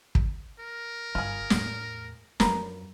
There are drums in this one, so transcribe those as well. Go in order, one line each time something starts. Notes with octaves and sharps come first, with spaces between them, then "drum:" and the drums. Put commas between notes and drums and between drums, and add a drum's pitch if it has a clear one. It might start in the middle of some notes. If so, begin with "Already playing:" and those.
drum: kick
A#4
G1 F4 G#4
E2 A2, drum: snare
F#2 F3 A#4 B4, drum: snare